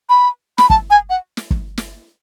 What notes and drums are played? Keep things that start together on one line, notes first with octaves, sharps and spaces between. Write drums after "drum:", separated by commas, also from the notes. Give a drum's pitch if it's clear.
B5
B5, drum: snare
A5, drum: kick
G#5
F#5
drum: snare
drum: kick
drum: snare